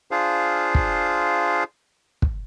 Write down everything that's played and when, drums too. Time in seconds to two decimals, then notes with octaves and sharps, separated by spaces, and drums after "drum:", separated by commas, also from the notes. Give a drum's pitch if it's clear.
0.11 D4 F4 G#4 C5 F5
0.75 drum: kick
2.22 drum: kick